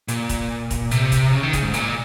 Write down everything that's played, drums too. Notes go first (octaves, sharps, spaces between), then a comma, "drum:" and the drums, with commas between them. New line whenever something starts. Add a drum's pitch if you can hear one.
A#2, drum: hi-hat
drum: kick E1, hi-hat
drum: kick E1, hi-hat
C3, drum: hi-hat
drum: kick E1, hi-hat
C#3
D#3
C#3, drum: kick E1, hi-hat
G#2
A#2, drum: hi-hat